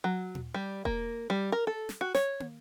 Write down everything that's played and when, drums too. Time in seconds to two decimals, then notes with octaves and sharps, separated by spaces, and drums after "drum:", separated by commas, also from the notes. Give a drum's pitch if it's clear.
0.04 F#3
0.35 drum: tom A#2
0.54 G3
0.85 A#3, drum: kick E1
1.30 G3
1.52 A#4
1.67 A4
1.89 drum: snare
2.01 F#4
2.15 C#5, drum: snare
2.40 drum: tom